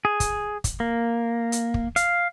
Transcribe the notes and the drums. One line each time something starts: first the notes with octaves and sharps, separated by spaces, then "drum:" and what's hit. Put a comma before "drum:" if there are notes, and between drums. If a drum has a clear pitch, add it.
G#4
drum: kick, hi-hat
drum: kick, hi-hat
A#3
drum: hi-hat
drum: kick
F5, drum: hi-hat